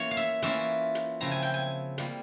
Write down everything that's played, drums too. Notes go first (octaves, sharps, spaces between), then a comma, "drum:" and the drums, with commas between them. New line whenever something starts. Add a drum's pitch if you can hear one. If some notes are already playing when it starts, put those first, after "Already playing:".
Already playing: E3 A#3 C#4 F4 C#5
F5
E5
E3 A#3 C#4 F4 E5, drum: hi-hat
drum: hi-hat
C#3 F3 C4 E4 A#5
G#5
G5
G#5
G3 A#3 F4, drum: hi-hat